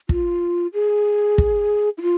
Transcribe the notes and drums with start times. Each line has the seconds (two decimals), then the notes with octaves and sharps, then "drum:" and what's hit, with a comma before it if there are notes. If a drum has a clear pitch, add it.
0.09 F4, drum: kick
0.74 G#4
1.38 drum: kick
1.98 E4
2.02 F4